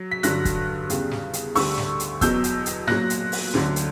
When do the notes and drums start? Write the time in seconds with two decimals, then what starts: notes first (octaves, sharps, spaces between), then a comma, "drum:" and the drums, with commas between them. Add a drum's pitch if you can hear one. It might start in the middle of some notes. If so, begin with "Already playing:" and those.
Already playing: F#3
0.11 B6
0.23 G2 D3 F#3 F#6 A#6, drum: hi-hat
0.45 drum: kick, hi-hat
0.90 E2 C#3 G3, drum: hi-hat
1.11 drum: snare
1.33 drum: hi-hat
1.55 D2 D3 G3 C#6 E6, drum: open hi-hat
1.78 drum: snare
2.00 drum: hi-hat
2.21 E2 B2 F#3 E6 G6, drum: kick, hi-hat
2.44 drum: hi-hat
2.66 drum: hi-hat
2.87 A#2 F#3 F#6 A#6, drum: snare
3.10 drum: hi-hat
3.32 drum: open hi-hat
3.54 D2 D3 F#3, drum: snare
3.76 drum: hi-hat